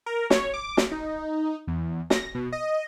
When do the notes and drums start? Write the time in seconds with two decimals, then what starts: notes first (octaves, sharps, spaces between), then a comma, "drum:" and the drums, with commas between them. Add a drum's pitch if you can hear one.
0.06 A#4
0.30 C#5, drum: snare
0.54 D6
0.77 drum: snare
0.92 D#4
1.67 E2
2.10 A#6, drum: snare
2.35 B2
2.52 D#5